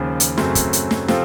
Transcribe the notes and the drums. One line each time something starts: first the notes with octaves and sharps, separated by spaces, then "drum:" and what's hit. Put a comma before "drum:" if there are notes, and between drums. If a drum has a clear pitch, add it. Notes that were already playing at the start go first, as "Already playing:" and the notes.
Already playing: D#2 C#3 F3
drum: hi-hat
F#2 C#3 F#3 A3 C4, drum: snare
drum: kick, hi-hat
drum: hi-hat
drum: snare
C3 F3 C4 F4 A4, drum: snare